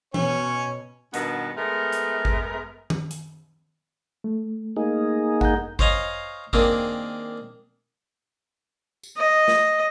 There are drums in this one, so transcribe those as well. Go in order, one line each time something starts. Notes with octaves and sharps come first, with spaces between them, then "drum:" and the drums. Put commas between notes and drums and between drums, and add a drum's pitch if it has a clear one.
B2 C#4 C#5, drum: tom E3
G2 B2 D#3 B3, drum: hi-hat
G#3 A3 B3 A#4
drum: hi-hat
drum: kick G1
drum: tom D#3
drum: hi-hat
A3
A#3 D#4 G#4
F#5 A#5 G6, drum: kick G1
C5 C#5 D#5 F5 G#5 A#5, drum: kick G1
D#3 A#3 C4 D4 G#4, drum: kick G1
drum: tambourine
D#5
drum: snare